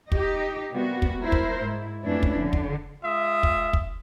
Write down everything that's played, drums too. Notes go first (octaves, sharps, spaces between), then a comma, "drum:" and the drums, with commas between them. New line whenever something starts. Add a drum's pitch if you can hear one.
D#4 G4 D#5, drum: kick
C3 G3 A#3 B3 F#4
drum: kick
E4 A#4 C5
drum: kick
G#2 E4
F2 A3 C#4 D4 E4 B4
drum: kick
D3
drum: kick
G#3 F4 E5 D#6
drum: kick
drum: kick